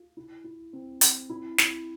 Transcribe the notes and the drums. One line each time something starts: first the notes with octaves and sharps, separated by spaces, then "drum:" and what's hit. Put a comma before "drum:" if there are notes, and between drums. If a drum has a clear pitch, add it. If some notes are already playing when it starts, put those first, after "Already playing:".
Already playing: F4
E4
E4
C4
C4, drum: hi-hat
E4
E4, drum: snare